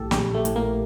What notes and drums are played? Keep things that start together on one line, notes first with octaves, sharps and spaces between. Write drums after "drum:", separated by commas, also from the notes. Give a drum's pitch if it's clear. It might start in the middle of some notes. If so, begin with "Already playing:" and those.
Already playing: A#1 A2 G4 A4
A#1 G4, drum: snare
A3
A2, drum: hi-hat
A#3